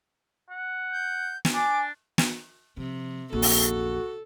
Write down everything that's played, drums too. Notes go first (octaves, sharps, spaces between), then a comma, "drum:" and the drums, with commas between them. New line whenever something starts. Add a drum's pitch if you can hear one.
F#5
G6
drum: snare
D4 G#5 D6
drum: snare
C3 F3
A#1 E2 F#4 A4
drum: open hi-hat